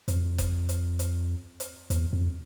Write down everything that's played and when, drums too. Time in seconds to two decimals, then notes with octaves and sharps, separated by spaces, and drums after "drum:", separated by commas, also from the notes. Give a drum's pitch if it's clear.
0.08 F2, drum: hi-hat
0.38 drum: kick F#1, hi-hat
0.69 drum: hi-hat
0.99 drum: hi-hat
1.60 drum: hi-hat
1.90 E2, drum: hi-hat
2.13 F2